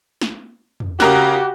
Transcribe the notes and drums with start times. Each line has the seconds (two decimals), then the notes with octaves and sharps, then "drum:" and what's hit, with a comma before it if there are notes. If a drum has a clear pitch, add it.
0.21 drum: snare
0.80 drum: tom
1.00 C#3 F#4 G4 A#4 F#6, drum: snare